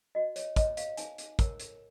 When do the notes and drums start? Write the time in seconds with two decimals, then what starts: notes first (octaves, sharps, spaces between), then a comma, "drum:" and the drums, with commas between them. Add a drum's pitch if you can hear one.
0.15 F#4 D#5
0.36 C#5, drum: hi-hat
0.56 C#5 D#5, drum: kick, hi-hat
0.77 F5, drum: hi-hat
0.97 D#4 G#5, drum: hi-hat
1.18 drum: hi-hat
1.39 A#4 C#5, drum: kick, hi-hat
1.60 drum: hi-hat